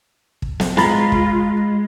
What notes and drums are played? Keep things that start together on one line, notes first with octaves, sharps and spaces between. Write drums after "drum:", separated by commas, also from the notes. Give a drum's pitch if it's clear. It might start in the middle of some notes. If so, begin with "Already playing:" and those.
drum: kick
drum: snare
G#3 F4 A#5 B5 A6, drum: snare
drum: kick